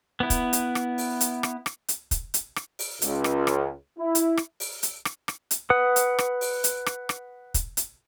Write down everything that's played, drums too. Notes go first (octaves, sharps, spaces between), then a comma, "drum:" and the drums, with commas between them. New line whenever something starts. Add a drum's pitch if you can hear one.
B3 E4
drum: kick, hi-hat
drum: hi-hat
drum: rim click
drum: open hi-hat
drum: hi-hat
drum: rim click
drum: rim click
drum: hi-hat
drum: kick, hi-hat
drum: hi-hat
drum: rim click
drum: open hi-hat
C#2, drum: hi-hat
drum: rim click
drum: rim click
E4
drum: hi-hat
drum: rim click
drum: open hi-hat
drum: hi-hat
drum: rim click
drum: rim click
drum: hi-hat
B4 F#5 D#6
drum: hi-hat
drum: rim click
drum: open hi-hat
drum: hi-hat
drum: rim click
drum: rim click
drum: kick, hi-hat
drum: hi-hat